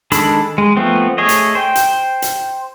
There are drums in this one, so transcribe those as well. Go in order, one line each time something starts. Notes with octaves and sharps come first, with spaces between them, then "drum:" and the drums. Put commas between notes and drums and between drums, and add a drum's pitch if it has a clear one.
D#3 G#3 D4 A4 B5, drum: hi-hat
G#3
F3 A3 B3 C4
A3 G#4 C#5 D#5
drum: hi-hat
C5 G5
drum: hi-hat
drum: hi-hat